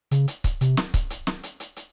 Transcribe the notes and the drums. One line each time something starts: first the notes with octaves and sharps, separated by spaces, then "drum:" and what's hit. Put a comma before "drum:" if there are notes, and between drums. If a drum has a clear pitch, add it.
C#3, drum: hi-hat
drum: hi-hat
drum: kick C#1, hi-hat
C3, drum: hi-hat
drum: snare
drum: kick C#1, hi-hat
drum: hi-hat
drum: snare
drum: hi-hat
drum: hi-hat
drum: hi-hat